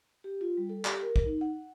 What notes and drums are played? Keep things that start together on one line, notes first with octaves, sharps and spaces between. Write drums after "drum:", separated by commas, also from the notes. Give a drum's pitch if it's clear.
G4
F4
G3
A4
G4, drum: clap
A#4
drum: kick
D#4
F#5